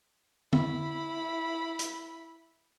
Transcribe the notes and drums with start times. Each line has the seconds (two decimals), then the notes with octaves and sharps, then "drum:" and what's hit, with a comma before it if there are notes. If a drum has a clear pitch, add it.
0.53 E4 B5, drum: tom
1.79 drum: hi-hat